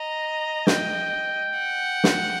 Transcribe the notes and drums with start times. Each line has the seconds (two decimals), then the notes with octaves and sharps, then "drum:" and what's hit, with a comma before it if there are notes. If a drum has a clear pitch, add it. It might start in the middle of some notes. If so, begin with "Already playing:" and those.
Already playing: D#5 A#5
0.67 G5, drum: snare
1.59 F#5
2.04 drum: snare